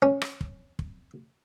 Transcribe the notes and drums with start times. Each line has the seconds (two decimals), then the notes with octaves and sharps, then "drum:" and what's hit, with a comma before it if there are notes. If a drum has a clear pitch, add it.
0.02 C#4
0.22 drum: rim click
0.41 drum: kick
0.79 drum: kick